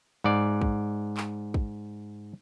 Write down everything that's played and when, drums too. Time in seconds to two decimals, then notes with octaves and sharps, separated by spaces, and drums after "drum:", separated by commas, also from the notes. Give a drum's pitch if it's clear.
0.24 G#2 D5
0.62 drum: kick
1.17 drum: clap
1.54 drum: kick